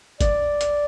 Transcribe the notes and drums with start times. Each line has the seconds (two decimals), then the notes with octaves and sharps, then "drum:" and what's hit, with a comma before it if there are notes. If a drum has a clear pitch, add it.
0.21 D5, drum: kick G1, hi-hat
0.61 drum: hi-hat